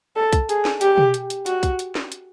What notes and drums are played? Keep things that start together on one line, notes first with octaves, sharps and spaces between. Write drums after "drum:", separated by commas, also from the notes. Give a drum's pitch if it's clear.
A4
drum: kick, hi-hat
G#4, drum: hi-hat
drum: snare
G4, drum: hi-hat
drum: tom B2
drum: hi-hat
drum: hi-hat
F#4, drum: hi-hat
drum: kick, hi-hat
drum: hi-hat
drum: snare
drum: hi-hat